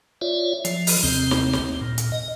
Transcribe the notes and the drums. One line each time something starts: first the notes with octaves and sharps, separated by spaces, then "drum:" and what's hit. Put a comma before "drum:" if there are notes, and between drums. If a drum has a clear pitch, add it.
F4 C#5 D5 E5
F3, drum: hi-hat
drum: open hi-hat
D#2 C3 C4
drum: snare
drum: snare
A#2
drum: hi-hat
D#5